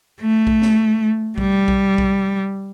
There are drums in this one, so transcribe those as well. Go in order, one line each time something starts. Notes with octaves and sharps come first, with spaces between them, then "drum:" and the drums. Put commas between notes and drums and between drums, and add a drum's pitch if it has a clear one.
A3
drum: kick A#1
drum: snare
G3, drum: kick A#1
drum: kick A#1
drum: kick A#1